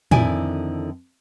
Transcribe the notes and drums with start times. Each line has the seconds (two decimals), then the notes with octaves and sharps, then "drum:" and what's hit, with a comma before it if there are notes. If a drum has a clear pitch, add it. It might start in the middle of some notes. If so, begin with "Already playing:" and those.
0.11 F2 D3 D#3 E4 D5 G#5, drum: tom A2